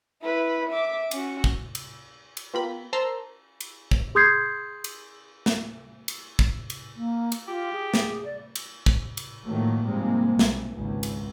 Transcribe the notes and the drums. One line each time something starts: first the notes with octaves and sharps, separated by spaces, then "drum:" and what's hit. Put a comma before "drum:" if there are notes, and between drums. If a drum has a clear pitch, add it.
E4 B4
E5 D6
C#4 F#4, drum: cymbal
drum: kick
drum: cymbal
drum: cymbal
B3 F4 G4 A#4 B5
A#4 C5 A5 A#5 C6 E6
drum: cymbal
drum: kick
G#4 C6 D#6 G6 G#6 C7
drum: cymbal
drum: snare
drum: cymbal
drum: kick
drum: cymbal
A#3
drum: cymbal
F4 G4
G#4
drum: snare
D5
drum: cymbal
drum: kick
drum: cymbal
A2 D#3 F3 F#3 A3 A#3
G#2 C3 F3 G3 G#3 A#3
B1, drum: snare
G#1 C#2
drum: cymbal